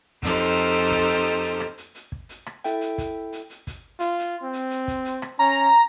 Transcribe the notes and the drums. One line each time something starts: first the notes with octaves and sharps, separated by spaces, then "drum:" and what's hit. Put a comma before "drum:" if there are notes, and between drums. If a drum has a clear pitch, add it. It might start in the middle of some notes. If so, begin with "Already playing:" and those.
F2 D#4 G4 A4 C5 F6, drum: kick, hi-hat
drum: hi-hat
drum: hi-hat
drum: kick, hi-hat
drum: hi-hat
drum: hi-hat
drum: hi-hat
drum: rim click
drum: hi-hat
drum: hi-hat
drum: kick
drum: hi-hat
drum: rim click
E4 A4 E5 G5, drum: hi-hat
drum: hi-hat
drum: kick, hi-hat
drum: hi-hat
drum: hi-hat
drum: kick, hi-hat
F4, drum: hi-hat
drum: hi-hat
C4
drum: hi-hat
drum: hi-hat
drum: kick, hi-hat
drum: hi-hat
drum: rim click
C#4 A#5